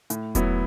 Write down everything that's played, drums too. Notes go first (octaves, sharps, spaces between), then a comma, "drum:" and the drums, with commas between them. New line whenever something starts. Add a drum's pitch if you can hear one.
A2, drum: hi-hat
F#3 B3 E4, drum: kick E1, hi-hat